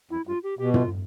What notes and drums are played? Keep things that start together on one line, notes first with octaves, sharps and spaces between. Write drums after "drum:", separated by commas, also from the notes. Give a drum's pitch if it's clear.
F2 E4
G2 F4
G4
B2 G4
F4, drum: tom